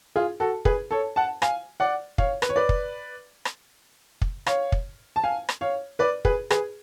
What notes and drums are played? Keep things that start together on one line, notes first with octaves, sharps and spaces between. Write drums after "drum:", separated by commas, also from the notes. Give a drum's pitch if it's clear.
F4 G#4
F#4 A4
G#4 B4, drum: kick
A4 C#5
F#5 A5
F5 G#5, drum: rim click
D5 F#5
C#5 F5, drum: kick
B4, drum: rim click
C#5
B4 D5
drum: kick
drum: rim click
drum: kick
C#5 F5, drum: rim click
drum: kick
A5
F5 G#5
drum: rim click
C#5 F5
B4 D5
G#4 B4, drum: kick
G#4 B4, drum: rim click